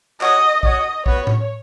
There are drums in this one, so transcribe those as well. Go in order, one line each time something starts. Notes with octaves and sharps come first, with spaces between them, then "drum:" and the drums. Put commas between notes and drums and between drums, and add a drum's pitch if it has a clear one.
F#4 C#5 D#5 F#5, drum: clap
F#4 C#5 D#5 F#5, drum: kick
B3 F#4 B4 C#5, drum: kick
drum: tom A2